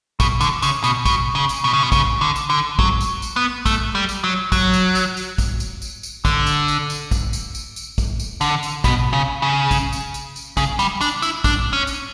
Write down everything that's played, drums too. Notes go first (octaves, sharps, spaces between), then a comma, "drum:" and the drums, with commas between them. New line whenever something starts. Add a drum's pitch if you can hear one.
B2, drum: kick, tambourine
D3, drum: tambourine
C#3, drum: tambourine
B2, drum: tambourine
B2, drum: kick, tambourine
C#3
drum: tambourine
B2
C#3
B2
C#3, drum: kick, tambourine
D3
drum: tambourine
D3
F#3, drum: kick
drum: tambourine
drum: tambourine
B3
A3, drum: kick, tambourine
G3
drum: tambourine
F#3
F#3, drum: kick, tambourine
drum: tambourine
drum: tambourine
drum: tambourine
drum: kick, tambourine
drum: tambourine
drum: tambourine
drum: tambourine
D3, drum: kick, tambourine
drum: tambourine
drum: tambourine
drum: tambourine
drum: kick, tambourine
drum: tambourine
drum: tambourine
drum: tambourine
drum: kick, tambourine
drum: tambourine
D3, drum: tambourine
drum: tambourine
B2, drum: kick, tambourine
C#3
C#3
drum: kick, tambourine
drum: tambourine
drum: tambourine
drum: tambourine
C#3, drum: kick, tambourine
G3, drum: tambourine
D4, drum: tambourine
E4, drum: tambourine
D4, drum: kick, tambourine
C#4
drum: tambourine